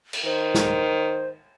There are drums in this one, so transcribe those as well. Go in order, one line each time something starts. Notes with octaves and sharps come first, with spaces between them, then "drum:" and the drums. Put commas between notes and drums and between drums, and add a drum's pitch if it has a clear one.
drum: cymbal
D#3 C5
drum: snare